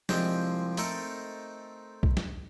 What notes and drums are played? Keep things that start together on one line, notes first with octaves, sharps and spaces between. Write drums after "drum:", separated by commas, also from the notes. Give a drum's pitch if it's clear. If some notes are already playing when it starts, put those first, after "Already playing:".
C2 F3 G#3 C4 D#5 G5, drum: snare
A3 C4 D#4 A4 A#4, drum: hi-hat
drum: kick B1
drum: snare